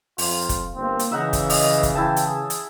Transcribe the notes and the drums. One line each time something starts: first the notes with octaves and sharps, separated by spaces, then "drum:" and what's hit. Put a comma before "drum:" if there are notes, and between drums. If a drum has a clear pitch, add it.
F2 F4, drum: open hi-hat
drum: kick, hi-hat
G1 A#3 C4
drum: hi-hat
C#3 E3 D#4 E5 F#5 A#5
drum: kick, hi-hat
D#5, drum: open hi-hat
drum: kick, hi-hat
E3 E4 G5 A5
drum: hi-hat
G#4
drum: hi-hat